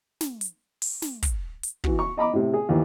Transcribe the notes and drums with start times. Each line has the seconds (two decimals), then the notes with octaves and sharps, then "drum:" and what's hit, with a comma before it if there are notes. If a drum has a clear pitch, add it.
0.21 drum: snare
0.41 drum: hi-hat
0.82 drum: open hi-hat
1.02 drum: snare
1.23 drum: kick, hi-hat
1.63 drum: hi-hat
1.84 E3 F#4, drum: kick
1.99 C#6
2.17 D#5 A#5 B5 D6
2.33 A2 C3
2.54 G#4
2.69 D#2 E3